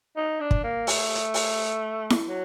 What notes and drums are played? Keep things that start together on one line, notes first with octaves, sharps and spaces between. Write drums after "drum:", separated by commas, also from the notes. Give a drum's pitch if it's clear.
D#4
D4
drum: kick
A#3
A3, drum: open hi-hat
drum: hi-hat
drum: open hi-hat
drum: snare E4
F#3